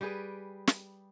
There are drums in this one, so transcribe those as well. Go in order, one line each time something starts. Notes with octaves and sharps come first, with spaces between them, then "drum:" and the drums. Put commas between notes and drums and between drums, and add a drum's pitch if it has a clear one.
G3 G4 G#4 B4
drum: snare